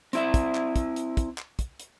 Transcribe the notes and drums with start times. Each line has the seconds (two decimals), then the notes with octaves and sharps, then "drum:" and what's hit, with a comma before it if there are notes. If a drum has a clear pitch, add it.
0.13 C4 E4 E5, drum: hi-hat
0.34 drum: kick, hi-hat
0.55 drum: clap
0.76 drum: kick, hi-hat
0.96 drum: hi-hat
1.17 drum: kick, hi-hat
1.38 drum: clap
1.59 drum: kick, hi-hat
1.80 drum: hi-hat